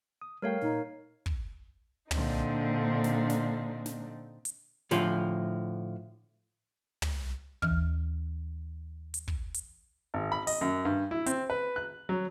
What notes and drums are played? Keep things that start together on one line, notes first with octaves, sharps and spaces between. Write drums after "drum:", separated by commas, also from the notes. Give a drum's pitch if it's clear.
D#6
G3 A3 A#4 C#5 F5 G5
A#2 D#4
drum: kick
A#2 D3 C4 D4 D#4, drum: tom
drum: snare
drum: snare
drum: snare
drum: hi-hat
A2 D3 F3 F4, drum: snare
drum: tom
D#2 E3 F6, drum: kick
drum: hi-hat
drum: kick
drum: hi-hat
G#1
B5
D#5, drum: open hi-hat
F#2
G2
E4
C4, drum: hi-hat
B4
F#6
F#3